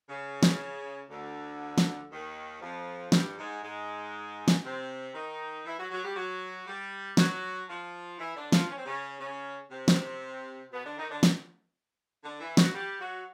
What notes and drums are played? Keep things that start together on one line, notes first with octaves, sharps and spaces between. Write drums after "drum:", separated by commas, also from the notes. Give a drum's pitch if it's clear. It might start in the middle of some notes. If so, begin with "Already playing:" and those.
C#3
drum: snare
D2 D3
drum: snare
D#2 D#3
F2 F3
G2 G3, drum: snare
G#2 G#3
G#2 G#3
drum: snare
C3 C4
D#3 D#4
E3 E4
F#3 F#4
F#3 F#4
G3 G4
F#3 F#4
G3 G4
F#3 F#4, drum: snare
F3 F4
E3 E4
D3 D4
F3 F4, drum: snare
C#4
C4
C#3 C#4
C#3 C#4
C3 C4
drum: snare
B2 B3
D3 D4
D#3 D#4
D3 D4
drum: snare
D3 D4
E3 E4
F#3 F#4, drum: snare
G3 G4
F#3 F#4